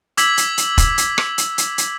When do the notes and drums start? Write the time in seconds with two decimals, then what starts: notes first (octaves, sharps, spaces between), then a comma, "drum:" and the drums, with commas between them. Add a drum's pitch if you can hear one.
0.17 D6 E6 G#6 B6 F#7, drum: hi-hat
0.37 drum: hi-hat
0.58 drum: hi-hat
0.78 drum: kick E1, hi-hat
0.98 drum: hi-hat
1.18 drum: rim click
1.38 drum: hi-hat
1.58 drum: hi-hat
1.78 drum: hi-hat